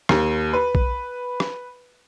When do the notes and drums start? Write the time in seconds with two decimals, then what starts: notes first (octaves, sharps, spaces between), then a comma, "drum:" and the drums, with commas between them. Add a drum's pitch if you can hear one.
0.09 D#2, drum: rim click
0.53 B4
0.75 drum: kick
1.40 drum: rim click